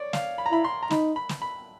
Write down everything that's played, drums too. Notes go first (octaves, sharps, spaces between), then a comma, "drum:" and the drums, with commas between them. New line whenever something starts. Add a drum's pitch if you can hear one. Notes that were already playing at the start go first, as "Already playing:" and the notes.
Already playing: C#5 D5
F5, drum: snare
B5
A#5
E4 B5
C6
A#5
D#4 B5, drum: snare
B5
drum: snare
B5